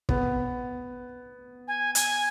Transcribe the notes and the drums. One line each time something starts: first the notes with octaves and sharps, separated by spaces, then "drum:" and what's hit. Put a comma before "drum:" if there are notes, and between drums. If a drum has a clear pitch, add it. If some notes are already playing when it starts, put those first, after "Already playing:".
B3, drum: kick
G#5
G#5, drum: hi-hat